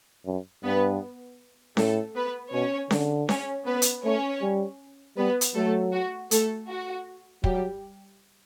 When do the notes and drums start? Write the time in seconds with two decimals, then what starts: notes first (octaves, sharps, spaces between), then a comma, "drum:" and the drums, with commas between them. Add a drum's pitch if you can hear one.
0.26 F#2
0.64 G2 B3 B4
1.77 A2 A3 A4, drum: snare C#4
2.16 B3 B4
2.52 B2 C#4 C#5
2.91 D3, drum: snare C#4
3.29 C#4 C#5, drum: snare C#4
3.66 B3 B4
3.82 drum: hi-hat
4.04 A3 C#4 C#5
4.42 G3
5.17 G3 B3 B4
5.41 drum: hi-hat
5.55 F#3 A3 A4
5.92 F#4
6.31 A3 A4, drum: hi-hat
6.69 F#4
7.44 F#3 G3 G4, drum: kick